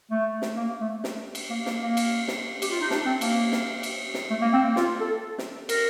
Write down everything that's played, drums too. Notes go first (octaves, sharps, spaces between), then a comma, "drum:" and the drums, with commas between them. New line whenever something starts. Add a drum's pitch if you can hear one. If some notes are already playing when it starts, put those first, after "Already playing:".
A3
drum: snare
A#3
A3
drum: snare
drum: cymbal
A#3
A#3, drum: snare
A#3
drum: cymbal
drum: snare
G4, drum: cymbal
F4
D#4
D4, drum: snare
C4
A#3, drum: cymbal
drum: snare
drum: cymbal
drum: snare
A3
A#3
C4
A#3
F4, drum: snare
A4
drum: snare
A#4, drum: cymbal